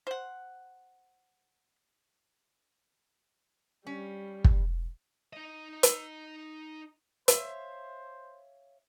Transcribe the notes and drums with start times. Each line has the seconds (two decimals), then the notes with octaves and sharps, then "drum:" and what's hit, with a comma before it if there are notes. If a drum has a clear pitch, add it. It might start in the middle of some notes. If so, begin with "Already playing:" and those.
0.07 C5 F#5
3.87 G3 C#4
4.44 drum: kick
5.33 D#4 D#5
5.83 drum: hi-hat
7.28 C5 C#5 E5 F5, drum: hi-hat